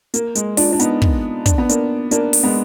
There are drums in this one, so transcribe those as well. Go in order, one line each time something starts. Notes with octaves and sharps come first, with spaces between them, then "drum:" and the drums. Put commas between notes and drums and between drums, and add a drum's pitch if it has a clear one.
A#3, drum: hi-hat
G#3, drum: hi-hat
D4 F4, drum: open hi-hat
D4
B3 D#4, drum: hi-hat
drum: kick
D4, drum: kick, hi-hat
B3
A#3 D4, drum: hi-hat
A#3 D4, drum: hi-hat
drum: open hi-hat
G#3 B3